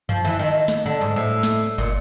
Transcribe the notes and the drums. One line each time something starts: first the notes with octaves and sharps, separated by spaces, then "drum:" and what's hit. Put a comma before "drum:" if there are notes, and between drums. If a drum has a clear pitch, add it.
F3, drum: tom
E3, drum: tom D3
D#3
drum: snare
D3
G#2
A2
drum: snare
A#2, drum: kick